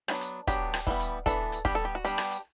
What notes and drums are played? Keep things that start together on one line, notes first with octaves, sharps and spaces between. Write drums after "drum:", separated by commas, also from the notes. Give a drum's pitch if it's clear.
F#3 B3 D4, drum: rim click
drum: hi-hat
F#3 B3 D4 G4, drum: kick, hi-hat
drum: rim click
E3 G3 B3, drum: kick
drum: hi-hat
E3 B3 D4 A4, drum: kick, hi-hat
drum: hi-hat
G3 B3 D4 G4, drum: kick
A4
G4
F#4
G3 B3 D4 G4, drum: hi-hat
drum: rim click
drum: hi-hat